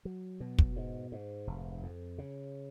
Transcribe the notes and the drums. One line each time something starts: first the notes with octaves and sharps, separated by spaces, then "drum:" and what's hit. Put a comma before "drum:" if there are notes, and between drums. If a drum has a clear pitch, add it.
F#3
B2
drum: kick
G#2
G#2
F1
F2
C#3